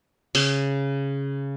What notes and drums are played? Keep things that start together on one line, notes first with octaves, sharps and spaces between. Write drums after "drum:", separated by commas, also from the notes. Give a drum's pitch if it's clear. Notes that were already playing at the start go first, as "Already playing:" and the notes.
C#3, drum: open hi-hat